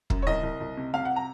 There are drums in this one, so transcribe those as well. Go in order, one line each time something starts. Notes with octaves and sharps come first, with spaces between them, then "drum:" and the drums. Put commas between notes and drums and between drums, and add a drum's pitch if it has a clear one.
F#2, drum: kick
C#5
C2 D#5
C2
C2
C3
C3 F5
F#5
A#5